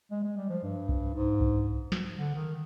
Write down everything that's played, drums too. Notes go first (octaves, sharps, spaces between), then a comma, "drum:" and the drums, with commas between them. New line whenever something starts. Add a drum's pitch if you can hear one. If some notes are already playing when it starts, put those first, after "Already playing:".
G#3
G#3
G3
F3
G2
drum: kick B1
G#2
drum: kick B1
drum: snare
D3
D#3